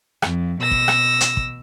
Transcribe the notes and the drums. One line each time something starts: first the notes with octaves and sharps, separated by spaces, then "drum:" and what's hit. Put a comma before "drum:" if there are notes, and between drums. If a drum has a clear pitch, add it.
F2, drum: rim click
B2 E6 A#6
drum: kick
drum: rim click
drum: hi-hat
drum: kick